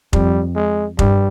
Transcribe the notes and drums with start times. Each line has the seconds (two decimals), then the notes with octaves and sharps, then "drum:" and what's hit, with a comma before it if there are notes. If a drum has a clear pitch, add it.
0.13 F2 G3, drum: kick F1
0.56 G#3
0.99 G2 G3, drum: kick F1